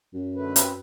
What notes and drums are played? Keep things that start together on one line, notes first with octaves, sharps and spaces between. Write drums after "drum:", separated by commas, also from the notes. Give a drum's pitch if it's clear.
F#2
D3 A3 B4
C4 B4, drum: hi-hat